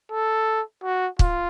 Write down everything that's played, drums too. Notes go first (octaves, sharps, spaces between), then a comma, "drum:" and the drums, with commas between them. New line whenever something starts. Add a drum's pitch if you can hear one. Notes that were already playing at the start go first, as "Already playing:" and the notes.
A4
F#4
F4, drum: kick